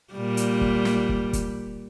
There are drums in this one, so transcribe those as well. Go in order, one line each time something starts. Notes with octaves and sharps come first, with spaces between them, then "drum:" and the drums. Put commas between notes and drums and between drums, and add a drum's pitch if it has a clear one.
A#2 G3
drum: hi-hat
drum: kick
drum: snare
drum: kick
drum: kick, hi-hat